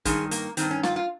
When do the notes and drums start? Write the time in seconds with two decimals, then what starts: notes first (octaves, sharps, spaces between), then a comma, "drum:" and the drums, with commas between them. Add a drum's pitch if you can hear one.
0.05 G2 D#3 G#3, drum: kick, hi-hat
0.31 A#3, drum: hi-hat
0.57 G2 D#3 C4, drum: hi-hat
0.71 C#4
0.83 F4, drum: snare
0.96 F4